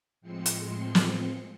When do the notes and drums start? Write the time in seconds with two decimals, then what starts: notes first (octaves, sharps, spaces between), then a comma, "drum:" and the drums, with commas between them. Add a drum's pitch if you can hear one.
0.21 A2 F3 G#3 C4 C6 C#7
0.46 drum: hi-hat
0.95 drum: snare